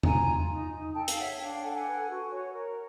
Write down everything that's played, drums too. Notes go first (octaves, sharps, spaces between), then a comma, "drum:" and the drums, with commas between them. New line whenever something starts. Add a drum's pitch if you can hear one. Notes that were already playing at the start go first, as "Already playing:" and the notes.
F4 G#5 A#5, drum: tom E2
F4
D#4
D#4
A4 G5 A5
F5, drum: hi-hat
C#5 E5 F#5
D4 F5 G5
F5 G5
A4 F#5 G#5
F#5 G#5
B4
F#4
C#5
A#4